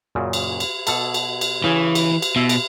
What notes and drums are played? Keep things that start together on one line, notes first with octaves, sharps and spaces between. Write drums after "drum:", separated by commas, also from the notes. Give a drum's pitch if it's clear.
F#2 A#2 C#3
drum: cymbal
drum: cymbal
B2 A4 A5, drum: cymbal
drum: cymbal
drum: cymbal
C#3 E3 C#5 G#5
drum: cymbal
drum: cymbal
B2 E4
drum: cymbal